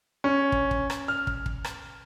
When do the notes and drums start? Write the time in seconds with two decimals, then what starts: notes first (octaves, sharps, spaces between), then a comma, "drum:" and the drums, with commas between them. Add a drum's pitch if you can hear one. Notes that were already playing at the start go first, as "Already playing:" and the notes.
0.24 C#4
0.52 drum: kick
0.71 drum: kick
0.90 drum: rim click
1.08 F6
1.27 drum: kick
1.46 drum: kick
1.64 drum: rim click